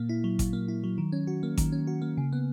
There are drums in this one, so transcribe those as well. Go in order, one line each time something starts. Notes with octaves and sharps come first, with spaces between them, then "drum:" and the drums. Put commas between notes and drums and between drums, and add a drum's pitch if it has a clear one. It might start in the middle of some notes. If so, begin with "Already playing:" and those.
Already playing: A#2 A#3
E4
F#3
A#2, drum: kick G#1, hi-hat
A#3
E4
F#3
D#3
C#4
F#4
A#3
D#3, drum: kick G#1, hi-hat
C#4
F#4
A#3
C#3
B3